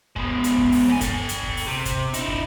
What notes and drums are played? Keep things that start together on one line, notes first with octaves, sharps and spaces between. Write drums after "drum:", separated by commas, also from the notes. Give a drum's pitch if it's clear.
G#3 B3, drum: kick
drum: hi-hat
drum: kick
drum: open hi-hat
E2 G#5
A4 G5, drum: kick, hi-hat
drum: hi-hat
drum: kick
drum: open hi-hat
C3
drum: kick, hi-hat
D#4 E4, drum: hi-hat
drum: kick